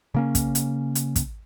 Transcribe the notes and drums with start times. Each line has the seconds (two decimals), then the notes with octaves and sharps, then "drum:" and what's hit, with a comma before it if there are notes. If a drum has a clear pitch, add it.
0.14 C#3 A#3 C#4
0.35 drum: kick, hi-hat
0.55 drum: hi-hat
0.95 drum: hi-hat
1.16 drum: kick, hi-hat